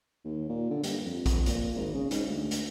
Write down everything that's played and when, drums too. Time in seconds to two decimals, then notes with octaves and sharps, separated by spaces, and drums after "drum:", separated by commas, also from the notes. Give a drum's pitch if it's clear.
0.25 D#2
0.49 A#2
0.71 D3
0.84 G2, drum: hi-hat
1.05 F2
1.26 drum: kick A#1, hi-hat
1.46 A#2, drum: hi-hat
1.76 G#1
1.94 C#3
2.11 G#2, drum: hi-hat
2.27 D2
2.51 drum: hi-hat